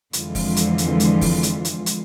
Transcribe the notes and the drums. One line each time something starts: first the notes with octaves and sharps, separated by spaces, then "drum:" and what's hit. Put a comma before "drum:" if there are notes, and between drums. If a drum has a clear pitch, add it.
F2 D3 E3 G#3 F4, drum: hi-hat
drum: kick, open hi-hat
drum: hi-hat
drum: hi-hat
drum: hi-hat
drum: kick, open hi-hat
drum: hi-hat
drum: hi-hat
drum: hi-hat